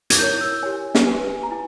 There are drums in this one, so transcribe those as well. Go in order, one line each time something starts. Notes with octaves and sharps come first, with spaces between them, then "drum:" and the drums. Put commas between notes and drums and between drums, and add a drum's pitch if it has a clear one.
G#6, drum: hi-hat
E4 A#4 C#5 G6
E6
G4 C#5 G#5
drum: snare
G4 B4 G#5
G#5
A#5
E4 G#5